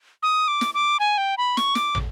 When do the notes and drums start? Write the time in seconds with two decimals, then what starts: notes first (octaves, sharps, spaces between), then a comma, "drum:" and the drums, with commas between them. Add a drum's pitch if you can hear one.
0.23 D#6
0.48 D6
0.61 drum: snare
0.74 D6
1.00 G#5
1.18 G5
1.38 B5
1.57 C#6, drum: snare
1.75 D6, drum: snare
1.95 drum: tom